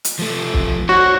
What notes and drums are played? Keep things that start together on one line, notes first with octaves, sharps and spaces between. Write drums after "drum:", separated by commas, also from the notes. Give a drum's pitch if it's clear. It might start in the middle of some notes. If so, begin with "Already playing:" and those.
drum: hi-hat
F3 A3
drum: kick
F#4 C5 C#5